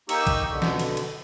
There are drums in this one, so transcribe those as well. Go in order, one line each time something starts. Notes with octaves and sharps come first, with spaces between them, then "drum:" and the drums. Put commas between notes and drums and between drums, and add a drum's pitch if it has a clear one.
A#3 D#4 G4 C#6 E6, drum: cymbal
drum: kick A#1, cymbal
B2 D3
drum: snare
drum: cymbal
drum: cymbal